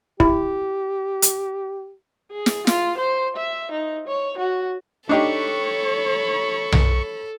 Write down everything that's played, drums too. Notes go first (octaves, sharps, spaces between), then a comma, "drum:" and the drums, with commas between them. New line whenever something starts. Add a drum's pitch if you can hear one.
E4 G4, drum: kick
drum: hi-hat
G#4
drum: snare
F4, drum: snare
C5
E5
D#4
C#5
F#4
D4 D#4 G4 A4 C#5 B5 C#6
drum: tom B1